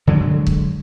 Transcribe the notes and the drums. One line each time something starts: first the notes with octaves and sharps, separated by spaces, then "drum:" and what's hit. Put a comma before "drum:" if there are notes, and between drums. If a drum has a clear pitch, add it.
D3 F#3 G#3
drum: kick C#1